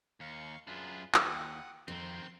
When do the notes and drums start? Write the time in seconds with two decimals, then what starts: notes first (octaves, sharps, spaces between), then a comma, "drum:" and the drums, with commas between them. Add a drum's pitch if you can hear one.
0.20 D#2 F5 C#6
0.67 F#2 D4 F4 G#4 B4
1.14 D#2 F#5 G5 D#6, drum: clap
1.88 F2 D#3 C4 C6